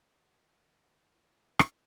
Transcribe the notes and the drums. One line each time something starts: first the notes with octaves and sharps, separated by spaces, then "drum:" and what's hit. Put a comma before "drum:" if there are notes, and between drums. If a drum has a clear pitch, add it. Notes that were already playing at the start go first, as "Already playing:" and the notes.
Already playing: D#3 A#3 D#4 F#4 A#4
D#3 A#3 D#4 F#4 A#4
D#3 A#3 D#4 F#4 A#4
D#3 A#3 D#4 F#4 A#4
E3 B3 E4
E3 B3 E4
drum: rim click